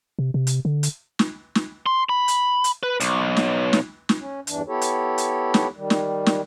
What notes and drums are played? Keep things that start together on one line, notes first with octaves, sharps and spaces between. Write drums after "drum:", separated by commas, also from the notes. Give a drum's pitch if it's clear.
C3
C3
drum: hi-hat
D3
drum: hi-hat
drum: snare
drum: snare
C6
B5
drum: hi-hat
drum: hi-hat
B4
B1, drum: hi-hat
drum: snare
drum: snare
drum: snare
C#4
E2 G2 E3 D4, drum: hi-hat
B3 E4 G4 A4 C#5
drum: hi-hat
drum: hi-hat
drum: snare
D#3 G3
drum: snare
drum: snare